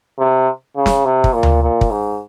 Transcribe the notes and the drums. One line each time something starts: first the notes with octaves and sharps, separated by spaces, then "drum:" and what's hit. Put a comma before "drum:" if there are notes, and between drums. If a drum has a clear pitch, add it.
C3
C#3
drum: snare
C3
drum: kick
A#2
drum: tom D2
A#2
drum: kick
G#2